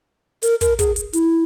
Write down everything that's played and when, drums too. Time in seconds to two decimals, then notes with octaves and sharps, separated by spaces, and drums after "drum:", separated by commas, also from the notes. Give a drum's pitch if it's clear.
0.43 A#4, drum: hi-hat
0.61 A#4, drum: kick, hi-hat
0.79 G#4, drum: kick, hi-hat
0.96 drum: hi-hat
1.13 E4, drum: hi-hat